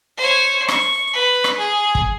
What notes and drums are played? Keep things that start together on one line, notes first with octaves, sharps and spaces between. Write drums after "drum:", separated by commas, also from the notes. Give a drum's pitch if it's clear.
C5 C#5
C#6, drum: rim click
B4
drum: rim click
G#4
drum: kick